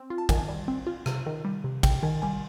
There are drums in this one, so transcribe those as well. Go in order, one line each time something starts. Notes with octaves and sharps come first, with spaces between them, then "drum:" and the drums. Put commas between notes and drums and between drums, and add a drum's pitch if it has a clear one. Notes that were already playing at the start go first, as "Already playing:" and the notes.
Already playing: C4
F4
A5
D#3 G#5, drum: kick, cymbal
G3
C4
F4
C3, drum: rim click
D#3
G3
C3
C3 G5, drum: kick, cymbal
D#3 G#5
G3 G#5